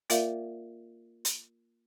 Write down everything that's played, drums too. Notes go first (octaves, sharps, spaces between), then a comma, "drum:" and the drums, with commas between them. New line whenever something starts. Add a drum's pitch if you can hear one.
A#3 F4 A#4 D5 E5 F5, drum: hi-hat
drum: hi-hat